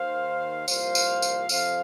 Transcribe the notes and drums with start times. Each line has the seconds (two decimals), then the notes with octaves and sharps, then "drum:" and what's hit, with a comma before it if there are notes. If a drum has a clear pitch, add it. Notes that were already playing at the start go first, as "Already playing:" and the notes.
Already playing: D#2 D#3 C5 F5
0.68 C2 A#2 F3 C5 F5, drum: tambourine
0.95 drum: tambourine
1.22 drum: tambourine
1.49 F2 C3 F3 C5 F5, drum: tambourine